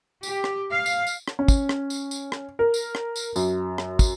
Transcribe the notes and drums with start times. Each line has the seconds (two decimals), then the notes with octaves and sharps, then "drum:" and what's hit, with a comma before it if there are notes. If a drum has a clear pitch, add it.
0.23 G4, drum: tambourine
0.44 drum: rim click
0.71 F5
0.86 drum: tambourine
1.07 drum: tambourine
1.28 drum: rim click
1.39 C#4
1.48 drum: kick, tambourine
1.69 drum: rim click
1.90 drum: tambourine
2.11 drum: tambourine
2.32 drum: rim click
2.59 A#4
2.74 drum: tambourine
2.95 drum: rim click
3.16 drum: tambourine
3.36 F#2, drum: tambourine
3.78 drum: rim click
3.99 drum: kick, tambourine